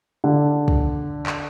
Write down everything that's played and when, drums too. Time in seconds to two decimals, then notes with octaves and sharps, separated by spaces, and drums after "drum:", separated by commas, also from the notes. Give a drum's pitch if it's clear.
0.24 D3
0.68 drum: kick
1.26 drum: clap